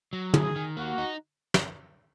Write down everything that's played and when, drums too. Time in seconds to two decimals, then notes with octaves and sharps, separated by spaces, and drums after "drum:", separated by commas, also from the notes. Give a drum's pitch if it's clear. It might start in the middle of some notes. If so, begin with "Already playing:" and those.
0.13 F#3
0.34 D#3 G#4, drum: tom
0.56 D#3
0.77 A#3 F#4
0.98 D#4
1.54 drum: snare